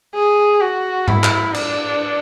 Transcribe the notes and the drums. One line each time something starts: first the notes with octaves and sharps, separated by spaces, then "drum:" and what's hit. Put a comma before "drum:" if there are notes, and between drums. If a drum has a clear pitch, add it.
G#4
F#4
E4, drum: tom G#2
drum: clap
D4, drum: cymbal